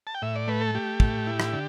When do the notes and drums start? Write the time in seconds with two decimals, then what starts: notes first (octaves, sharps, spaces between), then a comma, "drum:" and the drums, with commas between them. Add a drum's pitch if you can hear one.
0.07 A5
0.15 G5
0.22 A2 E5
0.35 D5
0.48 A3 B4
0.61 A4
0.75 A3 G4
1.00 A2, drum: kick
1.27 E4
1.40 drum: rim click
1.53 D3